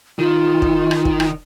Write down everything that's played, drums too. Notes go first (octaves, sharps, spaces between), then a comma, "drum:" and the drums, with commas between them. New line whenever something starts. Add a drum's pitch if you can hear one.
D#3 F4
drum: kick
drum: rim click
drum: kick
drum: rim click